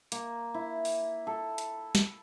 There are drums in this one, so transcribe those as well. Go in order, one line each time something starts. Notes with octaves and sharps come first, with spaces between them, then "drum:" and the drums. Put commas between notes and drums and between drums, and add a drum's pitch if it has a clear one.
A#3, drum: hi-hat
E4
drum: open hi-hat
A4
drum: hi-hat
drum: snare